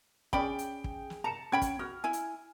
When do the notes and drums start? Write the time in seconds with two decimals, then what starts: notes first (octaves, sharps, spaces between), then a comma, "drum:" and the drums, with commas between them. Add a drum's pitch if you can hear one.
0.33 C#4 G#4 D5 G5 B5, drum: kick
0.59 drum: hi-hat
0.84 drum: kick
1.10 drum: snare
1.24 A5 A#5 C#7 E7
1.52 C#4 G5 B5 G#6
1.62 drum: kick, hi-hat
1.79 F#4 F6
2.04 E4 G#5
2.13 drum: hi-hat